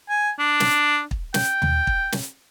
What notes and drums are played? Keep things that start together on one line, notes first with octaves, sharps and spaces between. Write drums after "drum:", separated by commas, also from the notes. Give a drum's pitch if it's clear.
G#5
D4
drum: snare
drum: kick
G5, drum: snare
drum: tom D#2
drum: kick
drum: snare